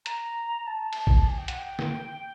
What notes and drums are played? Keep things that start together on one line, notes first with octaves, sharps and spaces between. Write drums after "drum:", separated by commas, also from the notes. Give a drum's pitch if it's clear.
A#5, drum: hi-hat
A5
drum: cymbal
drum: kick A1
G#5
G5
F#5, drum: hi-hat
G5
drum: snare